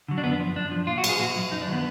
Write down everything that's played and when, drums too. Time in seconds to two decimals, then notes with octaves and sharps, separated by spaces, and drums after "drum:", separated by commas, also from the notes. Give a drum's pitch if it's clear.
0.08 D3 F#3
0.18 D4
0.24 F#2 B3
0.40 F3
0.56 F#2 D4
0.71 F3
0.87 A#2 F4
0.98 F#4
1.04 F#3, drum: cymbal
1.09 G#4
1.19 A#2 F#4
1.36 F#3
1.51 F#2 D#4
1.62 D4
1.67 D#3 F#3
1.73 B3